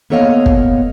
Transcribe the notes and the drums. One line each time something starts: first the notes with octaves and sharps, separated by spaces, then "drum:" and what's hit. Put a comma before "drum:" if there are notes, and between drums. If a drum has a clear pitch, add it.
A#3 B3 A4 C#5 D#5 F5
drum: kick